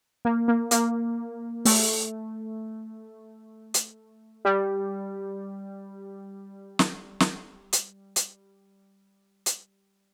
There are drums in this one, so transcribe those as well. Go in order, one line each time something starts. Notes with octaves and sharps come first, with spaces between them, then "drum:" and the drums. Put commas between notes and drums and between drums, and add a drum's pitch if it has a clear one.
A#3
A#3
A#3, drum: hi-hat
A3, drum: open hi-hat
drum: hi-hat
G3
drum: snare
drum: snare
drum: hi-hat
drum: hi-hat
drum: hi-hat